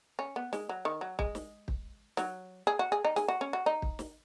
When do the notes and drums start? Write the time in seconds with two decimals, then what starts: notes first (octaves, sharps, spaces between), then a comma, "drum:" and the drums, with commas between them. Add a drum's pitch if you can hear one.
0.19 C#4
0.36 B3
0.53 G#3, drum: snare
0.69 F#3
0.85 D#3
1.01 F#3
1.19 G#3, drum: kick
1.35 drum: snare
1.68 drum: kick
2.17 F#3, drum: snare
2.67 G#4
2.79 F#4
2.92 G#4
3.05 D#4
3.16 G#4, drum: snare
3.28 F#4
3.41 C#4
3.53 F#4
3.66 D#4
3.82 drum: kick
3.99 drum: snare